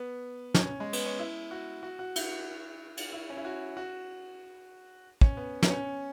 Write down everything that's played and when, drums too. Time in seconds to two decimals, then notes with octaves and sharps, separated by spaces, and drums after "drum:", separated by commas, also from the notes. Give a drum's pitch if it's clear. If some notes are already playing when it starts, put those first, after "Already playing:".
Already playing: B3
0.54 C#4, drum: snare
0.80 G#3
0.93 B3, drum: cymbal
1.06 C#4
1.19 E4
1.51 F#4
1.83 F#4
1.99 F#4
2.16 E4, drum: cymbal
2.97 drum: cymbal
3.12 E4
3.30 C#4
3.37 E4
3.45 F#4
3.77 F#4
5.21 C#4, drum: kick
5.37 B3
5.63 B3, drum: snare
5.70 C#4